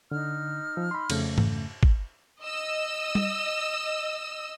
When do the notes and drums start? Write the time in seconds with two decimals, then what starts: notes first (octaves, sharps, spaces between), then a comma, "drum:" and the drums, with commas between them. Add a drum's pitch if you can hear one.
0.11 D3 D#4 F6
0.77 F3
0.91 B5 C6
1.10 F2 C#3 A3, drum: cymbal
1.38 drum: tom G#2
1.83 drum: kick
2.42 D#5 E6
3.15 drum: tom G3